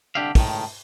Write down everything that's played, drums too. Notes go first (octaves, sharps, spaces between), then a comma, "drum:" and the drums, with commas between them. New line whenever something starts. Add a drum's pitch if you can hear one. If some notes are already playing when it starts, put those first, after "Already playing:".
C2 D3 D4 G4 E5 F5
C#2 A2 D#3, drum: kick, open hi-hat